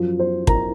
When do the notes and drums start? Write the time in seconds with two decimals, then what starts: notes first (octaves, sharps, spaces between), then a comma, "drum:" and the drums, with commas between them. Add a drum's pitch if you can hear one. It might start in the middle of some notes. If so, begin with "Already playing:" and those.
Already playing: F#2 F3
0.19 C5
0.47 A#4 A#5, drum: kick